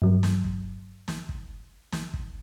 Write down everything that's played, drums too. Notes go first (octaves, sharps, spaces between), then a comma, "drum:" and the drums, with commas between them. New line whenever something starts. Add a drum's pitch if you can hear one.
G2 F#3
drum: snare
drum: kick
drum: snare
drum: kick
drum: snare
drum: kick